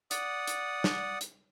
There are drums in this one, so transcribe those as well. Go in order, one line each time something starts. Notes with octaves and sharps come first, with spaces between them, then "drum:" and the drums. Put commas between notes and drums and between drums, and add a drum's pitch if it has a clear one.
D5 F#5 D#6, drum: hi-hat
drum: hi-hat
drum: snare
drum: hi-hat